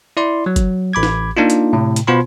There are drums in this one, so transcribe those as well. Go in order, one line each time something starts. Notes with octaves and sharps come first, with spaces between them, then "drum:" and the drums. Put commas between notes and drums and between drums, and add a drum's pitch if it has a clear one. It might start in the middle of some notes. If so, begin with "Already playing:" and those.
E4 D5 C6
F#3
drum: kick, hi-hat
A1 B5 D6 G#6
drum: snare
A#3 D4 D#4 F4
drum: hi-hat
A2 C3
drum: hi-hat
B2 B3 F4 C5 B5 C6